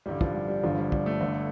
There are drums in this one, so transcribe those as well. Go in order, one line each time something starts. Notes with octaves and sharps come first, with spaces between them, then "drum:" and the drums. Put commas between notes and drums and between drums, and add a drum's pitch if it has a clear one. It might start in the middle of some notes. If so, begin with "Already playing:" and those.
A1 G2 D3 G3
F3, drum: kick
G3
G3
G1 G2 D3 F3
G3
G3, drum: kick
A3
G1 G2 D3